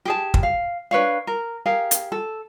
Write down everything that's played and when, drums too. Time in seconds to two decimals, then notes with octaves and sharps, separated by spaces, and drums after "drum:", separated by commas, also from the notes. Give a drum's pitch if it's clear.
0.05 G4 G#4 A5
0.34 drum: kick
0.43 F5
0.91 D4 B4 C#5 F5
1.27 A#4
1.66 G4 G#4 A#4 F5
1.91 drum: hi-hat
2.12 A4